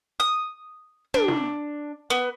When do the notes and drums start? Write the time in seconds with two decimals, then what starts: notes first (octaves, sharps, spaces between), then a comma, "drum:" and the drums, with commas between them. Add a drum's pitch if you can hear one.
0.20 D#6
1.14 D4, drum: tom
1.28 drum: snare
2.10 B3